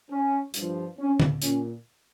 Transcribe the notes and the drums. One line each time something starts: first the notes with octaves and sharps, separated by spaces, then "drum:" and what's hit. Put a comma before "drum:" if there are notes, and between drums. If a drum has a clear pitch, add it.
C#4
G2 F3, drum: hi-hat
C#4
drum: tom D3
A#2 C#4, drum: hi-hat